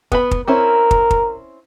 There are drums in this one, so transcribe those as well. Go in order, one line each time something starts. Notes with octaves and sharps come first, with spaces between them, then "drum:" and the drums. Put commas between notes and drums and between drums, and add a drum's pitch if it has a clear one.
B3 B4 B5, drum: kick
drum: kick
C4 C#4 E4 A#4
drum: kick
drum: kick